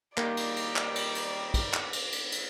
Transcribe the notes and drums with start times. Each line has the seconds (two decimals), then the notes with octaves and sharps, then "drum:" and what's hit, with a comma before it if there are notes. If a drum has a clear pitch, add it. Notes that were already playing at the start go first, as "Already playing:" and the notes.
0.17 D#3 G3 A#3 D5, drum: clap
0.37 drum: cymbal
0.56 drum: cymbal
0.76 drum: clap
0.95 drum: cymbal
1.15 drum: cymbal
1.54 drum: kick, cymbal
1.73 drum: clap
1.93 drum: cymbal
2.12 drum: cymbal
2.32 drum: cymbal